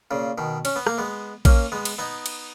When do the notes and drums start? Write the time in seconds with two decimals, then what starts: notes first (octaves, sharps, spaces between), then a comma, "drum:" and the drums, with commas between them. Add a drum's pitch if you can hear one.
0.11 A#2 C#3
0.38 B2 D#3
0.65 C#4, drum: cymbal
0.76 B3
0.87 A#3, drum: rim click
0.98 G#3 B3
1.45 A#3 C#4, drum: kick A#1, cymbal
1.72 G#3 B3
1.85 drum: cymbal
1.98 B3 D#4
2.26 drum: cymbal